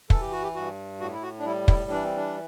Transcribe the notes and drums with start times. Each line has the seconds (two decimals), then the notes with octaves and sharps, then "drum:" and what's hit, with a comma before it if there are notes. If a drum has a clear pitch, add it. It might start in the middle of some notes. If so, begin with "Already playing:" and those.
0.10 E3 A4, drum: kick
0.21 G4
0.32 F#4
0.43 G4
0.55 G2 F#4
1.00 A2 F#4
1.13 E4
1.23 F#4
1.39 D4
1.45 G3 E4
1.68 E4, drum: kick
1.90 E3 D4
2.04 C4
2.17 D4